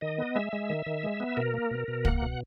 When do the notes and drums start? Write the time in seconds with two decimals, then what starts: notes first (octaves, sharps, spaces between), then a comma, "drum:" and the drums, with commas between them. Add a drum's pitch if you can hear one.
0.01 D#3 D#5
0.18 B3
0.36 G#3 E5
0.53 G#3
0.70 D#3
0.86 D#3
1.03 G#3
1.20 B3
1.37 B2 A#4
1.54 A#3
1.71 B2
1.88 B2
2.05 A#3 F#5, drum: kick
2.22 B2